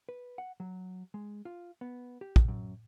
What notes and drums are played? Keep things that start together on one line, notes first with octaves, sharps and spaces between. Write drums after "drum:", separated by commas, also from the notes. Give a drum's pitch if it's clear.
B4
F#5
F#3
G#3
F4
B3
G4
drum: kick
F#2